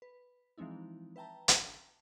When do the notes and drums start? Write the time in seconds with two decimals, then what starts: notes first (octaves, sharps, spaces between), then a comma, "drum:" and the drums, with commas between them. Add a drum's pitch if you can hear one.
0.02 B4
0.58 E3 F3 G#3 C4 D#4 E4
1.16 B4 E5 G5 A5 A#5
1.48 drum: hi-hat